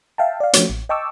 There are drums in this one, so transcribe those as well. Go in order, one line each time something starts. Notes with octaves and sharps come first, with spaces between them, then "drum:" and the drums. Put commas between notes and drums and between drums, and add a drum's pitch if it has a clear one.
E5 F5 G5 A5
D5 F5
F3 A3 C#4 F#4 C#5, drum: hi-hat
A1
D#5 G5 A5 C#6 D6 E6